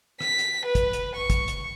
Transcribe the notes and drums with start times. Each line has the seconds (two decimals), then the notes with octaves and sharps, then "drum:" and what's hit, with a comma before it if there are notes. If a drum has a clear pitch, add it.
0.21 B6, drum: rim click
0.39 drum: hi-hat
0.66 B4
0.75 drum: kick, hi-hat
0.93 drum: hi-hat
1.16 C#6
1.30 drum: kick, hi-hat
1.48 drum: hi-hat